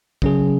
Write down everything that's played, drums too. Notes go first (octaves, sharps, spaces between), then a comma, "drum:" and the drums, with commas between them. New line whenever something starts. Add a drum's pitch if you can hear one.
C#3 F#3 C#4 G#4, drum: kick